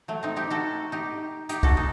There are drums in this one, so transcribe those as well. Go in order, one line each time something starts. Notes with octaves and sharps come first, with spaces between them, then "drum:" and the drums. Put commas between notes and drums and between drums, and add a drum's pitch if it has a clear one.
F#3 A3
C4 D#4
D#4 G4
F#4 A4
D#4 G4
D#4 G4, drum: hi-hat
F#4 A4, drum: kick
D#4